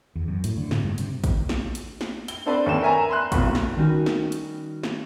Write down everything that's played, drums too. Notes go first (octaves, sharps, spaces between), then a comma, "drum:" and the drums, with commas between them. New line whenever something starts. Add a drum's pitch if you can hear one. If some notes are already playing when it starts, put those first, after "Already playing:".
E2
F#2
A2, drum: hi-hat
D3
A2, drum: snare
G2
C3, drum: hi-hat
drum: kick, hi-hat
drum: snare
drum: hi-hat
drum: snare
G7, drum: hi-hat
C4 D4 A4 B4 C5 D5
D#2 C#4 E7
A#4 E5 G#5 A#5
B5 C6 F#6
F1 B1 A2, drum: kick, hi-hat
drum: snare
D#3 G3 C#4 D#4 F#4
drum: snare
drum: hi-hat
drum: snare